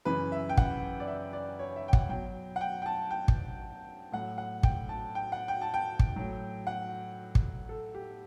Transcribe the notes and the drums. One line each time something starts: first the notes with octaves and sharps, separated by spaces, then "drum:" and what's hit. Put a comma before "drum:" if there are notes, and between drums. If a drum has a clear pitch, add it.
F#2 C#3 E3 B4
E5
G5
F#5, drum: kick
D5
E5
D5
C#5
E5
G5
F#5, drum: kick
B2 F#3 G5
F#5
G5
G5
A5
G5
drum: kick
A2 F#3 F#5
F#5
G5, drum: kick
A5
G5
F#5
G5
A5
G5
drum: kick
A2 F#3
F#5
drum: kick
A4
G4